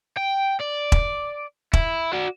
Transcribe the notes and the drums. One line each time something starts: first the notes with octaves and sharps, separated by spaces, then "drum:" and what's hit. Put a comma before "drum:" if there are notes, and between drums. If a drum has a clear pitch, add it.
G5
D5
drum: kick E1
E4, drum: kick E1
F#4 D5